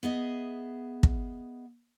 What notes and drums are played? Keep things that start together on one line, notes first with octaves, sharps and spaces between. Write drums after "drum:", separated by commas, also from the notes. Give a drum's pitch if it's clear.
B3 G#4 D#5 E5
drum: kick